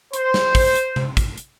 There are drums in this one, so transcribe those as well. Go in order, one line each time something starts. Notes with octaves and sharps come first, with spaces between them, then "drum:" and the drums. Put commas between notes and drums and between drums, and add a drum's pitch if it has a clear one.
C5, drum: hi-hat
drum: snare
drum: kick, open hi-hat
drum: hi-hat
drum: tom C3
drum: kick, hi-hat
drum: hi-hat